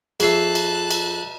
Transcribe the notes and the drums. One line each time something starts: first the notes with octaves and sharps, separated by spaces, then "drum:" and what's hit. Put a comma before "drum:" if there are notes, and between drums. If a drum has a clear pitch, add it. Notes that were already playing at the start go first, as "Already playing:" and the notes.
F2 G#4 E5 A5 F#6 C7, drum: cymbal
drum: cymbal
drum: cymbal